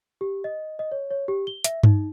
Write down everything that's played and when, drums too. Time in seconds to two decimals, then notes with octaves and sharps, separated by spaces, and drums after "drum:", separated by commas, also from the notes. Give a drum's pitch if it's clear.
0.21 G4
0.44 D#5
0.79 D#5
0.92 C#5
1.11 C#5
1.28 G4
1.47 G7
1.64 E5, drum: hi-hat
1.83 D#4, drum: tom G2